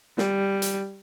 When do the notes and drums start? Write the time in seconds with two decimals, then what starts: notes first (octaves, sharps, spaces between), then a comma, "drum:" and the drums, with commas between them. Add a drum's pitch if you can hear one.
0.18 G3, drum: snare
0.62 drum: hi-hat